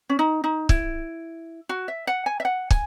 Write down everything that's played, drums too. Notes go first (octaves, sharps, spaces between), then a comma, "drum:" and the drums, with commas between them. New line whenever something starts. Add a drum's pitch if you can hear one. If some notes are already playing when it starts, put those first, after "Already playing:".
C#4
D#4
D#4
E4, drum: kick
F#4
E5
F#5
G#5
E5
F#5
G#5, drum: kick